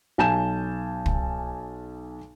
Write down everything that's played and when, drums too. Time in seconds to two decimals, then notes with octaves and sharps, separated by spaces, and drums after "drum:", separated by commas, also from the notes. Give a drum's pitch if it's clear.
0.18 B1 G#5 A5 G6 E7
1.06 drum: kick